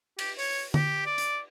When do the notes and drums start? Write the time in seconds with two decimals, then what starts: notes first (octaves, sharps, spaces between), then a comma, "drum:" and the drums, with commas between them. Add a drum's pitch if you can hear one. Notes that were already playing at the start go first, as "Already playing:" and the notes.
0.19 G4, drum: cymbal
0.39 C#5, drum: open hi-hat
0.74 G4, drum: tom D3
1.06 D5
1.18 drum: hi-hat